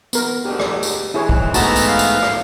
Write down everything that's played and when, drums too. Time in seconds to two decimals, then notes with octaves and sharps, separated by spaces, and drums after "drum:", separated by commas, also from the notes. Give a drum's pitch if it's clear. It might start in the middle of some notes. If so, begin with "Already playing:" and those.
0.13 B3 A#4, drum: tambourine
0.45 D2 G#2 G3 G4
0.60 drum: rim click
0.83 drum: tambourine
1.14 E3 C4 D#4 E4 G#4 C#5
1.29 drum: kick
1.54 G#2 A3 B3 F#4 A5 A#5, drum: tambourine
1.76 drum: tambourine
1.87 F5
1.99 drum: tambourine
2.22 drum: rim click